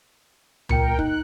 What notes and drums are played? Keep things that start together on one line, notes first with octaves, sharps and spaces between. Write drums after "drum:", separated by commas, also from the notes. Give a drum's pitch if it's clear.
B1 A#2 A#4 G5 C#7, drum: tom C#2
D#4 F#6, drum: kick